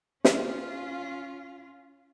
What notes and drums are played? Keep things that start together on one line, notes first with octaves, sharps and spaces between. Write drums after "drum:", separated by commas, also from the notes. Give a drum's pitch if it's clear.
C#4 F4, drum: snare